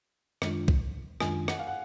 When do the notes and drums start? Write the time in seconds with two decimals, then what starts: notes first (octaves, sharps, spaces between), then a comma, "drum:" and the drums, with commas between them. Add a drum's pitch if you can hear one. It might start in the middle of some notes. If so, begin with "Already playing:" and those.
0.42 F#2 D#3 G#3 D4 F4, drum: rim click
0.68 drum: kick B1
1.20 F#2 D#3 G#3 D4 F4 G#5, drum: rim click
1.48 F#5, drum: rim click
1.59 F5
1.67 F#5